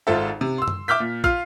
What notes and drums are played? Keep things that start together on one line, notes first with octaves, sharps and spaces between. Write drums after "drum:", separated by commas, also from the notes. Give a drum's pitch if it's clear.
G#1 G#2 F4 A4 C5 E5
C3
C6 E6
drum: tom F#2
E5 D6 F6 G6 B6
A#2
F4 F6 C7, drum: kick